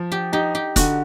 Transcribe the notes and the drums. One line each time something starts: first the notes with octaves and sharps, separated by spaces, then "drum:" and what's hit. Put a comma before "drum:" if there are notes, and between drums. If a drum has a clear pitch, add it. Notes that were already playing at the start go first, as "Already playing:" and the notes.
Already playing: F3
G4
D#4 G4
G4
D3 F#4, drum: kick, hi-hat